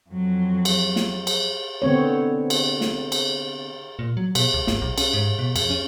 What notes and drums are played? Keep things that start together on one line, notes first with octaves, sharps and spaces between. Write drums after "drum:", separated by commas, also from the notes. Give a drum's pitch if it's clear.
F2 F#3
drum: cymbal
drum: snare
drum: cymbal
D3 B3 C4 C#5
drum: cymbal
drum: snare
drum: cymbal
A#2
F#3
B2, drum: cymbal
D2
G#1, drum: snare
B1
C#4, drum: cymbal
G#2
B2
F2, drum: cymbal
C#4